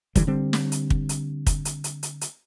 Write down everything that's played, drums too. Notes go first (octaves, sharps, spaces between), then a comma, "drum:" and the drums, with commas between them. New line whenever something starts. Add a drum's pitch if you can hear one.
D#1 D3 E3 G3, drum: kick, hi-hat
D3 G3 C4
drum: snare
drum: hi-hat
drum: kick
drum: hi-hat
drum: kick, hi-hat
drum: hi-hat
drum: hi-hat
drum: hi-hat
drum: hi-hat